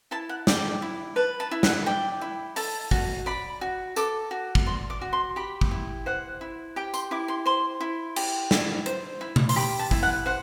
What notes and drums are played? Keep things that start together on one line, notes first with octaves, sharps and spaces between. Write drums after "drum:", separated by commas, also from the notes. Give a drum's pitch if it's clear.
E4 A5
F#5
D5 G5, drum: snare
E4
B4 A5
A5
E4
F#5, drum: snare
D5 G5
E4
A4 A5, drum: open hi-hat
F#4, drum: kick
D5 B5
F#4
A4 D6, drum: tambourine
F#4
drum: kick
D5 C6
D6
F#4
C6
G4 B5
drum: kick
E4
C5 F#5
E4
G4 G5
C6, drum: tambourine
E4 D6
C6
C5 C6
E4
G4, drum: cymbal
E4, drum: snare
C5, drum: hi-hat
E4
drum: tom C3
C6, drum: open hi-hat
G4 B5
A5
E4, drum: kick
F#5
C5 F#5